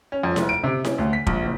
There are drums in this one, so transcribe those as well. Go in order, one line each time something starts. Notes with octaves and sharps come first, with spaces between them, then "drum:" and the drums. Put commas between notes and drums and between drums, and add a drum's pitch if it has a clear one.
C#4
F2
F1, drum: snare E4
D7
C3
C#4, drum: snare E4
D2
B6
A#1, drum: kick
F#1